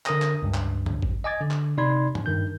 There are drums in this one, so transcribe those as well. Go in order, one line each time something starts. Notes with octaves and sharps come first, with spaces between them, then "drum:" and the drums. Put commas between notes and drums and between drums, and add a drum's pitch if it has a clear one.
D3 A#4 D#6 A#6, drum: clap
drum: clap
C#2 G2
drum: clap
drum: tom F#2
drum: kick G#1
D#5 G#5 D6 G#6 A6
D3
drum: clap
C3 D#4 D5 B5 C6 G#6
drum: tom
G2 D#3 G6